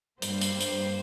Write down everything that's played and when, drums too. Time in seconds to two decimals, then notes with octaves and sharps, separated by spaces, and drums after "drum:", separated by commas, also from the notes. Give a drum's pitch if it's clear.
0.22 G2 G3 A#3 C5, drum: hi-hat
0.41 drum: hi-hat
0.61 drum: hi-hat